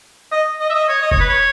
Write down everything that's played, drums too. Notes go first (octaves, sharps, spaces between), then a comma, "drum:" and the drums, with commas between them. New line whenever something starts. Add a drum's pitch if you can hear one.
D#5
D#5
E5
D#5
C#5
D#5
C#5, drum: kick F1
B4
C#5